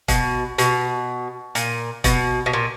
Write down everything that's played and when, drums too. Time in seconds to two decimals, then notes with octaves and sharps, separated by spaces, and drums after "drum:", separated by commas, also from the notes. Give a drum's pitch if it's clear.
0.08 B2, drum: kick E1, hi-hat
0.58 B2, drum: hi-hat
1.55 A#2, drum: hi-hat
2.04 B2, drum: kick E1, hi-hat
2.46 B2
2.53 A#2